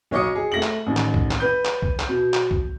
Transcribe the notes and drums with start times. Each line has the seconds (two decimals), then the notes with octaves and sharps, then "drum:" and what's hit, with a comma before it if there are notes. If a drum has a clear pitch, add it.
0.11 B1 C#5 D#5 D6 D#6 C#7
0.36 G#4
0.52 A3 A#6 F#7
0.63 drum: clap
0.87 A1 D#3
0.97 drum: clap
1.14 drum: kick
1.31 drum: clap
1.40 B4 G6
1.65 drum: clap
1.82 drum: kick
1.99 drum: clap
2.09 B2
2.34 drum: clap
2.51 drum: kick